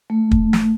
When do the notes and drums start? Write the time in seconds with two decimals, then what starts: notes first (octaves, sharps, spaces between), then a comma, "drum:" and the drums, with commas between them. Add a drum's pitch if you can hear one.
0.10 A3
0.31 drum: kick
0.53 drum: snare